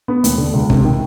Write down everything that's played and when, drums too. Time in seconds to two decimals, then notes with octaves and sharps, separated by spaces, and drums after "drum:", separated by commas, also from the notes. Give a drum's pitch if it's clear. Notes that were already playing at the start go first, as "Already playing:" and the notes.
0.08 B3
0.24 D#2, drum: hi-hat
0.38 D3
0.54 C#2
0.70 C3, drum: kick
0.84 D#3